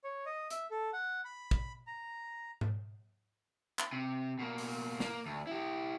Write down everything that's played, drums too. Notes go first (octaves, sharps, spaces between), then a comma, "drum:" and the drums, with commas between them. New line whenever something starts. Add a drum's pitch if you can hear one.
C#5
D#5
E5, drum: hi-hat
A4
F#5
B5
drum: kick
A#5
drum: tom G#2
drum: clap
C3
B2 A#3
drum: open hi-hat
A#3, drum: snare
D2
E4 G4